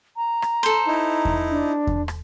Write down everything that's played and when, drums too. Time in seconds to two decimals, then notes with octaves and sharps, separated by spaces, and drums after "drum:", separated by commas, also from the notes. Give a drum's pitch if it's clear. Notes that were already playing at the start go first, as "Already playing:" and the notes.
0.17 A#5
0.42 drum: rim click
0.63 A4 C5
0.87 D#4 E4
1.25 drum: kick E2
1.50 D4
1.87 drum: kick E2
2.08 drum: rim click